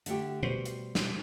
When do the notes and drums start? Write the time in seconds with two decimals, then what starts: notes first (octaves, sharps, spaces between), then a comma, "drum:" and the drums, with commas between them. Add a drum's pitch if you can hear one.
0.06 D3 A3 G4, drum: hi-hat
0.43 B2 G3 C5
0.66 drum: hi-hat
0.95 drum: snare